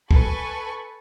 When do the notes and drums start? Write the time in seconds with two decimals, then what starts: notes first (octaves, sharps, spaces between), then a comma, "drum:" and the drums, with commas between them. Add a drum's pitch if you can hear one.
0.11 A4 B4 G#5 B5 C#6, drum: kick